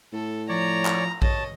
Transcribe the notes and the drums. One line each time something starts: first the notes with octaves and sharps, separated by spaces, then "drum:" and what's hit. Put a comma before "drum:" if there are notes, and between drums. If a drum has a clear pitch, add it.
A2 A4
F3 C#5 D5 A#5
drum: clap
C#5 D#5 A5, drum: kick A#1